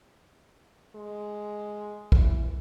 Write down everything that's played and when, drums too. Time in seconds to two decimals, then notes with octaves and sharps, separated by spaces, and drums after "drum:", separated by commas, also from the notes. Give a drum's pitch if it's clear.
0.95 G#3
2.12 E3, drum: kick